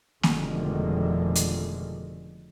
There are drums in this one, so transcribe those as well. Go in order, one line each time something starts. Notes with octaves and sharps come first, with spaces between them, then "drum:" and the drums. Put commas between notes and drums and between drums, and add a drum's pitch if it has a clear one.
F1 B2 D3 D#3 G#3, drum: snare A#3
drum: hi-hat